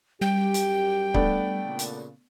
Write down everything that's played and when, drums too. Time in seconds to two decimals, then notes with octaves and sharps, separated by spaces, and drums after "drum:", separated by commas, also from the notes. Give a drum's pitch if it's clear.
0.21 F#2 G3 G4 G5
0.54 drum: hi-hat
1.14 A3 B3 D4, drum: kick C#1
1.65 A#2 C#3
1.79 drum: hi-hat